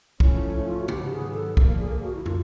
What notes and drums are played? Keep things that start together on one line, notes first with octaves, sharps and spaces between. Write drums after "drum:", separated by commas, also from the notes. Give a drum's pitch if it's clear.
G#2 F3 A3 C#4 E4, drum: kick
E4
E4
F4
F#4
G#2 D#3 F#3 B3 G4, drum: tom C3
G#4
A4
D3 F3 A#3, drum: kick
G#4
F#4
E4
F4, drum: tom